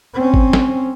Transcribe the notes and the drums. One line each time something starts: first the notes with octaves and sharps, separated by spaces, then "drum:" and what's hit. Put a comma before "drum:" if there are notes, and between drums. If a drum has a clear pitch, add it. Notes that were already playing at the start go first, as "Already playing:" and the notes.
C4 C#4
drum: kick G1
drum: snare